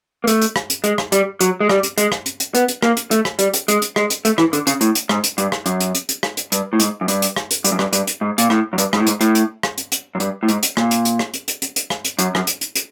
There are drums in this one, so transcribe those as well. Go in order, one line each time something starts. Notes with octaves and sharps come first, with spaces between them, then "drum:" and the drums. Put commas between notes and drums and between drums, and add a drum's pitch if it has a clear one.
A#3
A3, drum: hi-hat
drum: hi-hat
drum: rim click
drum: hi-hat
G#3, drum: hi-hat
drum: rim click
G3, drum: hi-hat
F#3, drum: hi-hat
G#3
G3, drum: rim click
drum: hi-hat
G#3, drum: hi-hat
drum: rim click
drum: hi-hat
drum: hi-hat
B3, drum: hi-hat
drum: hi-hat
A#3, drum: rim click
drum: hi-hat
A3, drum: hi-hat
drum: rim click
G3, drum: hi-hat
drum: hi-hat
G#3, drum: hi-hat
drum: hi-hat
G#3, drum: rim click
drum: hi-hat
A3, drum: hi-hat
E3, drum: rim click
D3, drum: hi-hat
C#3, drum: hi-hat
A2, drum: hi-hat
drum: hi-hat
G#2, drum: rim click
drum: hi-hat
G2, drum: hi-hat
drum: rim click
F#2, drum: hi-hat
drum: hi-hat
drum: hi-hat
drum: hi-hat
drum: rim click
drum: hi-hat
G2, drum: hi-hat
A2
G#2, drum: hi-hat
F#2
G2, drum: hi-hat
drum: hi-hat
drum: rim click
drum: hi-hat
G2, drum: hi-hat
F#2
G2, drum: rim click
G2, drum: hi-hat
drum: hi-hat
G#2
A#2, drum: hi-hat
A2, drum: rim click
F#2
G2, drum: hi-hat
G#2, drum: rim click
A2
G#2, drum: hi-hat
A2, drum: hi-hat
drum: hi-hat
drum: rim click
drum: hi-hat
drum: hi-hat
F#2
G2, drum: hi-hat
A2
G#2, drum: hi-hat
drum: hi-hat
A#2, drum: rim click
drum: hi-hat
drum: hi-hat
drum: rim click
drum: hi-hat
drum: hi-hat
drum: hi-hat
drum: hi-hat
drum: rim click
drum: hi-hat
F#2, drum: hi-hat
F#2, drum: rim click
drum: hi-hat
drum: hi-hat
drum: hi-hat